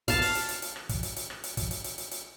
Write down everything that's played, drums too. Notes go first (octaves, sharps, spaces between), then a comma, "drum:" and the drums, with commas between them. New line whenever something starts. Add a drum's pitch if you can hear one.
F5 A5, drum: kick, hi-hat
drum: open hi-hat
drum: hi-hat
drum: hi-hat
drum: hi-hat
drum: rim click
drum: kick, hi-hat
drum: hi-hat
drum: hi-hat
drum: rim click
drum: hi-hat
drum: kick, hi-hat
drum: hi-hat
drum: hi-hat
drum: hi-hat
drum: hi-hat